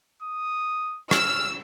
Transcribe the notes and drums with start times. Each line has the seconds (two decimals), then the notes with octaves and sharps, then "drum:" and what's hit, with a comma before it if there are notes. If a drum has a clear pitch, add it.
0.22 D#6
1.11 E6 F6, drum: rim click